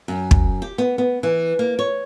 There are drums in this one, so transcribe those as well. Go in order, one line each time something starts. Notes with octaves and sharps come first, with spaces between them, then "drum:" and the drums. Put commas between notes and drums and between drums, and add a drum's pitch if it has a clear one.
F#2
drum: kick
G4
B3
B3
E3
A#3
C#5